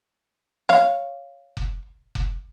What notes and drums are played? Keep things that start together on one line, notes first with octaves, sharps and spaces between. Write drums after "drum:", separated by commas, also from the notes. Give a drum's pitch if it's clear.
C#5 F5, drum: snare
drum: kick F1
drum: kick F1